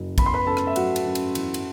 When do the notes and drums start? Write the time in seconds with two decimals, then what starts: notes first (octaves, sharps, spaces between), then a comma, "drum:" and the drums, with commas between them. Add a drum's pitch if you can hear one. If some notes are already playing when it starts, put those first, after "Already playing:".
Already playing: F#1 F#3
0.18 B3 B5, drum: kick, cymbal
0.26 C6
0.34 B4 B5
0.47 F#2 A4 A5
0.57 drum: rim click
0.67 E5
0.76 F#3 F#4 F#5, drum: cymbal
0.96 drum: cymbal
1.06 F#2
1.15 drum: cymbal
1.35 E2, drum: cymbal
1.54 drum: cymbal